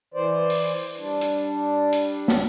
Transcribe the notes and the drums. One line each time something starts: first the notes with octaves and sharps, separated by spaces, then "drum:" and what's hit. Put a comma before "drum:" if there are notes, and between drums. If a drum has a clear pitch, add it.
E3 C5 D5
drum: open hi-hat
G3 D4
drum: hi-hat
drum: hi-hat
drum: snare